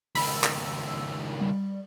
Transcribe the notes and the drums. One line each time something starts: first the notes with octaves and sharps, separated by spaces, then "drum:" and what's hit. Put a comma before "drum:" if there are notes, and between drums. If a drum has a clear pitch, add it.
C#2 D#3 B5 E6, drum: open hi-hat
drum: clap
G3